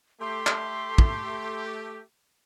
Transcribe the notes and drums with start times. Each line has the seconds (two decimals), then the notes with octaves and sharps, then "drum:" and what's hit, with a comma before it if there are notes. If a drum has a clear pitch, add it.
0.21 A3 G4 C6
0.47 drum: clap
0.98 drum: kick